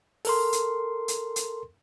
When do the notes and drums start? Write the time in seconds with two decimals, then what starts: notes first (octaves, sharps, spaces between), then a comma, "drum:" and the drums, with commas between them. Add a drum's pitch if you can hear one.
0.25 A4 A#4 C6, drum: open hi-hat
0.53 drum: hi-hat
1.08 drum: hi-hat
1.36 drum: hi-hat